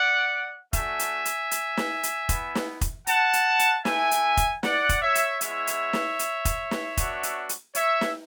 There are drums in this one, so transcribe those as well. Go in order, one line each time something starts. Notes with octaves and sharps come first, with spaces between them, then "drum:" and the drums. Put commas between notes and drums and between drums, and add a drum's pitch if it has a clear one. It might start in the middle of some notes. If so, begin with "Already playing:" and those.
Already playing: D5 F#5
A3 D4 F#4 E5 G#5, drum: kick F1, hi-hat
drum: hi-hat
drum: hi-hat
drum: hi-hat
drum: snare
drum: hi-hat
B3 E4, drum: kick F1, hi-hat
drum: snare
drum: kick F1, hi-hat
F#5 A5, drum: hi-hat
drum: hi-hat
drum: hi-hat
A3 E4 E5 G#5, drum: snare
drum: hi-hat
drum: kick F1, hi-hat
D5 F#5, drum: snare
drum: kick F1, hi-hat
C#5 E5
drum: hi-hat
G#3 B3 E4 C#5 E5, drum: hi-hat
drum: hi-hat
drum: snare
drum: hi-hat
drum: kick F1, hi-hat
drum: snare
B3 D4 F#4, drum: kick F1, hi-hat
drum: hi-hat
drum: hi-hat
C#5 E5, drum: hi-hat
drum: snare